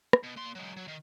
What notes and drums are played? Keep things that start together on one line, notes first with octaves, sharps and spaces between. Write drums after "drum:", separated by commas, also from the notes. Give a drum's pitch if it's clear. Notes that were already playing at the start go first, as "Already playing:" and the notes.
drum: rim click
B2
A#2 C6
F#3 G#3
F#3
D#3